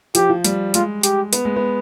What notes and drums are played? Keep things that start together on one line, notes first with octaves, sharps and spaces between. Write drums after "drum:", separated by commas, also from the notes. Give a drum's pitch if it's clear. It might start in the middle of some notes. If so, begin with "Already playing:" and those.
F3 G4, drum: hi-hat
F3
G3, drum: hi-hat
G#3 F4, drum: hi-hat
G4, drum: hi-hat
B3, drum: hi-hat
G#3
B3